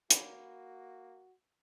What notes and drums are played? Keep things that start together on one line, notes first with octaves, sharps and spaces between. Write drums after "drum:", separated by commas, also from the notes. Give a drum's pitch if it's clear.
A#3 F#4 F#5 B5 D6, drum: hi-hat